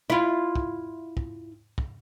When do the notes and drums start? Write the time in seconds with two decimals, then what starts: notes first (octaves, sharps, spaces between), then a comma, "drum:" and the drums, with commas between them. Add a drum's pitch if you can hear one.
0.10 E4 F4
0.56 drum: kick
1.17 drum: kick
1.78 drum: kick